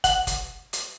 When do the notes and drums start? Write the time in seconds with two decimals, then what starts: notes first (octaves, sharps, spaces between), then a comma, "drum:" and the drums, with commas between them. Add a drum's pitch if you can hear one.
0.04 F#5, drum: kick, hi-hat
0.27 drum: kick, hi-hat
0.73 drum: hi-hat